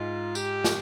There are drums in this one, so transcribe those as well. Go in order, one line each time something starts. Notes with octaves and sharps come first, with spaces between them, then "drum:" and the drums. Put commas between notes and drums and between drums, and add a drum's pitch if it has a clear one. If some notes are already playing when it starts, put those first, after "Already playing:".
Already playing: G#2 G#3 F4
G4, drum: tambourine
drum: snare